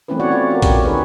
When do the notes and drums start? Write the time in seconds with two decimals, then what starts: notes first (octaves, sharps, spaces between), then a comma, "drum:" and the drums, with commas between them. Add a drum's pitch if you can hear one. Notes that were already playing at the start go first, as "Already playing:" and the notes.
0.08 E3 A3 C4 C#4 E4 B4
0.20 A3 B3 F#4 C#5 D5 F#5
0.31 C4 F4 D5
0.50 F#4 A#4
0.62 G4, drum: kick A#1, hi-hat
0.85 D3 D#4 G#4 B4 C#5